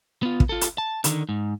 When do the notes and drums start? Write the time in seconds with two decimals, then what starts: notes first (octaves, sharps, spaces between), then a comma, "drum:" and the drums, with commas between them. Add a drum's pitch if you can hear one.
0.23 B3 F4
0.40 drum: kick
0.49 F4 A4
0.61 drum: hi-hat
0.78 A5
1.04 D3 D#3, drum: hi-hat
1.29 G#2